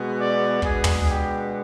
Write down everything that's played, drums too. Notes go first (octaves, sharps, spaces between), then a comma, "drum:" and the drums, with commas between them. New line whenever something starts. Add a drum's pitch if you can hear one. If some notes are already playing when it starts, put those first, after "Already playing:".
Already playing: B2 G#3 B3
D5
B2 G#3 B3 D4 G#4, drum: kick
drum: tom
G4